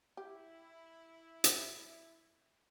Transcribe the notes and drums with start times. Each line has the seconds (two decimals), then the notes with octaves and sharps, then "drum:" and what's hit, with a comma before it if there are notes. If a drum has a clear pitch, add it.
0.17 E4 G4
1.44 drum: hi-hat